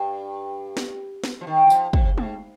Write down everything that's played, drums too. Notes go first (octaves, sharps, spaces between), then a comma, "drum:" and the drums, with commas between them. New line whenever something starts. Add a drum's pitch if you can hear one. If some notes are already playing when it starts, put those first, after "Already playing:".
Already playing: G2
drum: snare
drum: snare
F3
D#3
D#3
F3, drum: tambourine
C3, drum: kick
G#2, drum: tom G#3